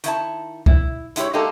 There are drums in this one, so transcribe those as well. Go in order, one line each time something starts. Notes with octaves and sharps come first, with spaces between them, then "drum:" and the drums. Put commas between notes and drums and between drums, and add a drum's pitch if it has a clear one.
D#3 E4 A5, drum: hi-hat
E4, drum: kick B1
G#3 E4 G4 C#5, drum: hi-hat
G#3 A#3 D#4 E4 G4 A4